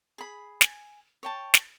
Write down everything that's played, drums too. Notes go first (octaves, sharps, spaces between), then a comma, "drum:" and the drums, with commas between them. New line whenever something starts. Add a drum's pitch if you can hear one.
G#4 B5
G#5, drum: snare
C#5 G5 A5
drum: snare